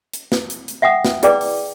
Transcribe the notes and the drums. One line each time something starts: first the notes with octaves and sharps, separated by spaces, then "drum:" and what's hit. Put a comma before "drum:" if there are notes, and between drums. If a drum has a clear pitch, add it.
drum: hi-hat
drum: snare
drum: hi-hat
drum: hi-hat
E5 F#5 G5 D#6
drum: snare
E4 G#4 B4 D5 G5 D6, drum: hi-hat
drum: open hi-hat